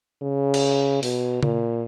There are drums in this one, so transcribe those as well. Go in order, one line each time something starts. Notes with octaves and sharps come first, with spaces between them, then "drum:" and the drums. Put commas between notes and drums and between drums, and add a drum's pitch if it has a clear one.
C#3
drum: cymbal
B2, drum: open hi-hat
A#2, drum: tom C#3